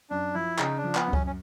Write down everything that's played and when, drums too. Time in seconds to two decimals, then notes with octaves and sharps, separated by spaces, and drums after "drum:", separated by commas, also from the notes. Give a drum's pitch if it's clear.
0.10 F#2 D4
0.34 F3 E4
0.58 C#3 D#4, drum: clap
0.77 D4
0.84 F3
0.95 B3, drum: clap
1.07 F#2
1.13 C#4, drum: kick C#2
1.27 C#4